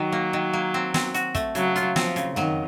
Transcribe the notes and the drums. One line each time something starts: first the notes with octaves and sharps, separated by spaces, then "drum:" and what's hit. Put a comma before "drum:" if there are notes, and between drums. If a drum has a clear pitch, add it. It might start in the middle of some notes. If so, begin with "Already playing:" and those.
Already playing: D#3 F#3
A#3
D#3
A#3
C4
C4, drum: snare
F#4, drum: hi-hat
A3, drum: kick, hi-hat
C#3 F#3, drum: hi-hat
F4, drum: hi-hat
F3 C4, drum: snare
C#3, drum: hi-hat
D#3 F#3, drum: tom